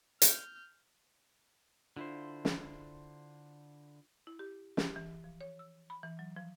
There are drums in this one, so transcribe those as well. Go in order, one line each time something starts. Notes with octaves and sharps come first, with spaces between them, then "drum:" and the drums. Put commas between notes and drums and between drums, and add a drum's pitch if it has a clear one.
F6 G6, drum: hi-hat
D3 D4 E4 F4 C5
drum: snare
E4
G4
G4, drum: snare
E3
F3
C#5
E6
B5
E3
F#3
F3